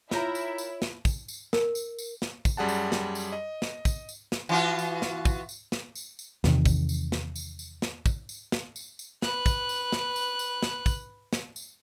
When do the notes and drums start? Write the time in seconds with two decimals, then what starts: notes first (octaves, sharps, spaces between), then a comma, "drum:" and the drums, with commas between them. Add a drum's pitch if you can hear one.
0.11 E4 F4 A#4 C#5 E5 G5 A#5, drum: snare
0.35 drum: tambourine
0.58 drum: tambourine
0.82 drum: snare
1.05 drum: kick, tambourine
1.28 drum: tambourine
1.53 A#4, drum: snare
1.75 drum: tambourine
1.98 drum: tambourine
2.22 drum: snare
2.45 drum: kick, tambourine
2.57 F#2 G3 G#4 F#5 A5
2.69 drum: tambourine
2.92 drum: snare
3.15 drum: tambourine
3.33 D#5
3.62 drum: snare
3.85 drum: kick, tambourine
4.09 drum: tambourine
4.32 drum: snare
4.49 E3 F4 F#4
4.79 drum: tambourine
5.02 drum: snare
5.25 drum: kick, tambourine
5.49 drum: tambourine
5.72 drum: snare
5.95 drum: tambourine
6.19 drum: tambourine
6.44 E2 C3 D#3, drum: snare
6.66 drum: kick, tambourine
6.89 drum: tambourine
7.12 drum: snare
7.36 drum: tambourine
7.59 drum: tambourine
7.82 drum: snare
8.06 drum: kick, tambourine
8.29 drum: tambourine
8.52 drum: snare
8.76 drum: tambourine
8.99 drum: tambourine
9.22 B4 F#6, drum: snare
9.46 drum: kick, tambourine
9.69 drum: tambourine
9.92 drum: snare
10.16 drum: tambourine
10.39 drum: tambourine
10.63 drum: snare
10.86 drum: kick, tambourine
11.33 drum: snare
11.56 drum: tambourine